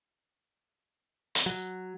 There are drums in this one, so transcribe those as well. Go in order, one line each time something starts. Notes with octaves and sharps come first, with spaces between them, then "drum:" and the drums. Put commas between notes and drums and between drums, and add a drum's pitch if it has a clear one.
drum: hi-hat
F#3